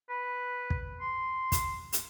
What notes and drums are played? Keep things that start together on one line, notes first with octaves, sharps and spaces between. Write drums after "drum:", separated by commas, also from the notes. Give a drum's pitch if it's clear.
B4
drum: kick
C6
drum: kick, hi-hat
drum: hi-hat